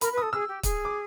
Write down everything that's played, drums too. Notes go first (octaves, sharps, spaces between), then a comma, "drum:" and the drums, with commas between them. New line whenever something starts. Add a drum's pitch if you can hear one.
A#4 B5, drum: hi-hat
B4
A4 D#6
G#4 E6
G4
G#4, drum: kick, hi-hat
D6